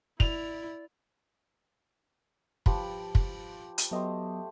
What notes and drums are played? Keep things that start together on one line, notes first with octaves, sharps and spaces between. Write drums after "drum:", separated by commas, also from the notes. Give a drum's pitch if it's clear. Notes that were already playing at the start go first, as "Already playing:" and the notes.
E4 D5 F7, drum: kick
F3 G4 B4, drum: kick
drum: kick
drum: hi-hat
F#3 A3 B3 G4 C5 D#5